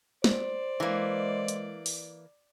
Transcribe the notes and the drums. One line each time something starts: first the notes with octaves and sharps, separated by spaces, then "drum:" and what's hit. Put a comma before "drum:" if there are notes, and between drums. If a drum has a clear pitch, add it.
C5 D5, drum: snare
E3 G#3 A#3
drum: hi-hat
drum: open hi-hat